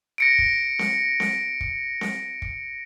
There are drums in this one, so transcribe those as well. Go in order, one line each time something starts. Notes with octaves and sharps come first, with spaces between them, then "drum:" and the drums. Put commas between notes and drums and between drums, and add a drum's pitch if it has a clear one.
A#6 C#7 D7
drum: kick
drum: snare C4
drum: snare C4
drum: kick
drum: snare C4
drum: kick